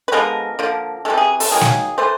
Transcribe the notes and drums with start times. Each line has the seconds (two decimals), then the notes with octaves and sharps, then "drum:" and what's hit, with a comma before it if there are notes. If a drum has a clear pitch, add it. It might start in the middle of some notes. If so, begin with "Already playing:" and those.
0.08 B4
0.12 D3 F3 G#3 B3 A#4
0.59 D3 F3 A#3
1.05 C3 E3 G#3 A4
1.17 G#4
1.40 A4, drum: open hi-hat
1.51 D#3 F#3 A#3 G#4
1.61 drum: snare
1.98 E3 A3 C5